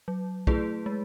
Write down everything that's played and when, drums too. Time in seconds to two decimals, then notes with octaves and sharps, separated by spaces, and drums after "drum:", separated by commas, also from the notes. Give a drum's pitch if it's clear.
0.08 F#3
0.47 A3 E4 G#4 B4, drum: kick
0.86 G#3